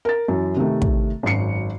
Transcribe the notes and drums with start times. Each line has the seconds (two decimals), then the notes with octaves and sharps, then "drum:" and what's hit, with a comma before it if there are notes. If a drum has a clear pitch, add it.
0.05 A#4 A6
0.28 F#2 E3
0.57 C3 D#3 A3
0.82 drum: kick
1.23 G#1 F#2 F#4 C7 C#7